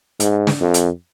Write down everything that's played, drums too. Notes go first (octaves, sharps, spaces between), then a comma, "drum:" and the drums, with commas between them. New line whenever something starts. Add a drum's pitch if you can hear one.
G#2, drum: hi-hat
drum: snare
F2
drum: hi-hat